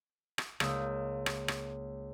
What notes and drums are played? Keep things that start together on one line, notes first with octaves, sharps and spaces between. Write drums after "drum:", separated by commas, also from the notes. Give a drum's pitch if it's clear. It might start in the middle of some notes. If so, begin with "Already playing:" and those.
drum: rim click
C#2 A#3 D#6 E6 G6, drum: rim click
drum: rim click
drum: rim click